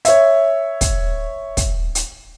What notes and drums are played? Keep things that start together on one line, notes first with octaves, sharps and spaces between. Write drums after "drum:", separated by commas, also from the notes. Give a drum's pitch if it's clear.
C#5 E5, drum: hi-hat
drum: kick, hi-hat
drum: kick, hi-hat
drum: hi-hat